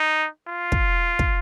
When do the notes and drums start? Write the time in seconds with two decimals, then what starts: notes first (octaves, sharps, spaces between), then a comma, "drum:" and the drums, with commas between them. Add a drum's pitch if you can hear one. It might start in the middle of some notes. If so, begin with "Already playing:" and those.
Already playing: D#4
0.48 F4
0.72 drum: kick
1.19 drum: kick